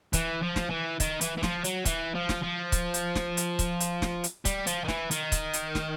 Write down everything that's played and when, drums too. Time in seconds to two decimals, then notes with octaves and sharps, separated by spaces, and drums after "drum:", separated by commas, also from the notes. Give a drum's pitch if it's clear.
0.13 E3, drum: kick C#1, hi-hat
0.42 F3
0.56 drum: snare
0.70 E3
1.00 D#3, drum: kick C#1, hi-hat
1.21 E3, drum: hi-hat
1.37 E3
1.43 F3, drum: snare
1.64 F#3, drum: hi-hat
1.85 E3, drum: kick C#1, hi-hat
2.15 F3
2.29 drum: snare
2.43 F3
2.72 drum: kick C#1, hi-hat
2.94 drum: hi-hat
3.15 drum: snare
3.37 drum: hi-hat
3.59 drum: kick C#1, hi-hat
3.80 drum: hi-hat
4.02 drum: snare
4.24 drum: hi-hat
4.45 G3, drum: kick C#1, hi-hat
4.67 F3, drum: hi-hat
4.84 D#3
4.88 E3, drum: snare
5.11 D#3, drum: hi-hat
5.32 drum: kick C#1, hi-hat
5.53 drum: hi-hat
5.75 drum: snare